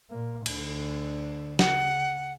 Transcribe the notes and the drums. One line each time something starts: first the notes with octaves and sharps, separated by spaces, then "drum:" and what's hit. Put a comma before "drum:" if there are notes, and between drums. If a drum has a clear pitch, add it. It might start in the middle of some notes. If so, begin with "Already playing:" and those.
A#2 A#3
D2 D3, drum: cymbal
C#3 F#5, drum: snare